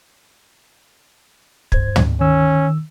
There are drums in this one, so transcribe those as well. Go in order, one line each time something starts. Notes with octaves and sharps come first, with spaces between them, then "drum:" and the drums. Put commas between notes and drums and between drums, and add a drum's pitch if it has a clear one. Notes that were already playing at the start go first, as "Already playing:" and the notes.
G2 C5 G#6, drum: kick
drum: tom
D#3 C#4 E6